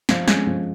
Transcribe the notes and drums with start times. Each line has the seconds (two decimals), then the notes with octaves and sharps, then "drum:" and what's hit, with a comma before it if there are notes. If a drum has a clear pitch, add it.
0.09 F3, drum: snare
0.28 G#3 C#4, drum: snare
0.47 F3